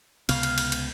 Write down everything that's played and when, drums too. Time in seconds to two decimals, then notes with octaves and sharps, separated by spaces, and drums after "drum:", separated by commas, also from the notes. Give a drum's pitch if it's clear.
0.29 C#2 C3 B3 F5, drum: cymbal
0.43 drum: cymbal
0.58 drum: cymbal
0.72 drum: cymbal